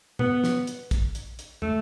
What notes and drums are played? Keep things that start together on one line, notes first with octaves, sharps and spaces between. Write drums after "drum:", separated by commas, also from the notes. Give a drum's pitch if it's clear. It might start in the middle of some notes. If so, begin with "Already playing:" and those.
B3, drum: tom A#2
drum: snare
drum: hi-hat
drum: kick, hi-hat
drum: hi-hat
drum: hi-hat
A3, drum: tom